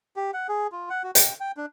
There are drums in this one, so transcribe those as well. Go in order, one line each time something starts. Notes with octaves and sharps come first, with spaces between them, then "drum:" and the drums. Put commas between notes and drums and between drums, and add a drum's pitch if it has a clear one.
G4
F#5
G#4
F4
F#5
F#4
G5, drum: hi-hat
G5
D4